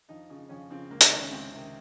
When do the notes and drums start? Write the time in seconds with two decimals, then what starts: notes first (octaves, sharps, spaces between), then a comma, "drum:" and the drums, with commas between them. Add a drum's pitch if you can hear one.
0.09 F2 D#4
0.30 C#3 F3
0.49 F2 C#4
0.70 C#3 F3 C4
0.90 C#2 A#3
1.01 drum: hi-hat
1.10 C3 D#3 D#4
1.20 C#4
1.31 C#2 C4
1.52 C3 D#3